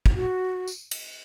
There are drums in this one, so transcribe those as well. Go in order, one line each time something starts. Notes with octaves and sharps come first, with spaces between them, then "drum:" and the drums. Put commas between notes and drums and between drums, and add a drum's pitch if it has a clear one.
drum: kick
F#4
drum: tambourine
drum: cymbal